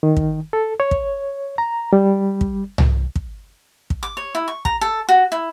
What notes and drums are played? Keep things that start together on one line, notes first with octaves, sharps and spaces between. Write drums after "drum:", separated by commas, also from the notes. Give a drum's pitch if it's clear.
D#3
drum: kick
A4
C#5
drum: kick
A#5
G3
drum: kick
drum: tom C2
drum: kick
drum: kick
D6
C#5
E4
C#6
A#5, drum: kick
A4
F#4
E4